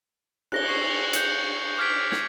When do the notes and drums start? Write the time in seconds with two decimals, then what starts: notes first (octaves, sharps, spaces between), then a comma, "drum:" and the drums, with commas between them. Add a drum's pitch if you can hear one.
0.52 F#6 A#6 G7, drum: cymbal
0.68 C#6 C7
1.13 G6 C#7, drum: hi-hat
1.78 D6 F6 G6 G#6 B6 D7
2.12 G#6, drum: snare